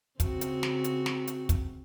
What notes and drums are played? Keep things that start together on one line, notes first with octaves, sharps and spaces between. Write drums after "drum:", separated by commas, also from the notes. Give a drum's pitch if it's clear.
C#3 C4 F#4, drum: kick, hi-hat
drum: hi-hat
drum: snare
drum: hi-hat
drum: snare
drum: hi-hat
drum: kick, hi-hat